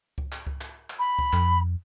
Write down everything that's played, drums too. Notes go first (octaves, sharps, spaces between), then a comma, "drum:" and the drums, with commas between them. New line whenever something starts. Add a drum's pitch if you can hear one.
drum: kick C#2
drum: clap
drum: kick C#2
drum: clap
drum: clap
B5
drum: kick C#2
F2, drum: clap